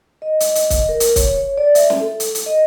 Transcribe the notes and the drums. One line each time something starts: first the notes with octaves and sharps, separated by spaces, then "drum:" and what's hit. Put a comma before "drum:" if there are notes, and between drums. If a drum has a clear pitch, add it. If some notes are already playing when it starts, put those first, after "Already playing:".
D#5
drum: hi-hat
drum: hi-hat
drum: kick, hi-hat
A#4
drum: hi-hat
C#5, drum: kick, hi-hat
C#5
D5
E5, drum: hi-hat
drum: snare
A4
drum: hi-hat
drum: hi-hat
D#5